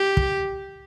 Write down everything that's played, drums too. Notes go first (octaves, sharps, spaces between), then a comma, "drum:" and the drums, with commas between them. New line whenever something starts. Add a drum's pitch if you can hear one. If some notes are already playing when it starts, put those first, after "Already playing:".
Already playing: G4
drum: kick